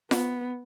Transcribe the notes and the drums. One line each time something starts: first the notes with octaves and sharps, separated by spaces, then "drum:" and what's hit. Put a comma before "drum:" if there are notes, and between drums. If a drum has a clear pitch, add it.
B3, drum: snare F4